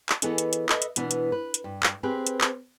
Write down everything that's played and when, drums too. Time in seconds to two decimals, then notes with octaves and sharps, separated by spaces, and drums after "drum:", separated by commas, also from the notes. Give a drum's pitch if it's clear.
0.09 drum: clap
0.22 E3 B3 G#4 A4 C#5 D#5, drum: hi-hat
0.38 drum: hi-hat
0.53 drum: hi-hat
0.69 A4 B4 D#5 E5, drum: clap
0.82 drum: hi-hat
0.96 B2 E3 B3 D4, drum: hi-hat
1.11 drum: hi-hat
1.32 B4
1.54 drum: hi-hat
1.64 G2
1.83 drum: clap
2.03 C4 G4 G#4 B4
2.27 drum: hi-hat
2.41 drum: clap